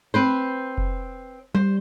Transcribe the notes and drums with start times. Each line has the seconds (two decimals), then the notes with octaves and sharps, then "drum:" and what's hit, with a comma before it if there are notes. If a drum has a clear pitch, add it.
0.14 C4 B4 C5
0.78 drum: kick F1
1.55 G3 C5